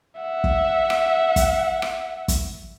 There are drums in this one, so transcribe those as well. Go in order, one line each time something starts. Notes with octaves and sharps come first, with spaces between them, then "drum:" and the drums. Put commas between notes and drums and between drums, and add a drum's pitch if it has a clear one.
E5 F#5
drum: kick
drum: rim click
drum: kick, hi-hat
drum: rim click
drum: kick, hi-hat